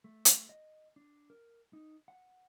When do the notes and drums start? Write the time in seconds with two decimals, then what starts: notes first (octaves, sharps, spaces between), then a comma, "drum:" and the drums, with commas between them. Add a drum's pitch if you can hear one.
0.04 A3
0.25 drum: hi-hat
0.49 D#5
0.96 D4
1.30 A#4
1.73 D#4
2.08 F#5